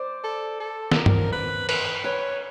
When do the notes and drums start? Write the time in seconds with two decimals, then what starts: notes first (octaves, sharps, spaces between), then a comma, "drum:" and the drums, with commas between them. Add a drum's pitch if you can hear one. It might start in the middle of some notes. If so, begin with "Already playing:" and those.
Already playing: C5 D5
0.24 A4
0.60 A4
0.92 A4, drum: snare
0.96 A#4
1.06 drum: tom G2
1.32 B4
1.69 B4, drum: cymbal
2.04 B4 C#5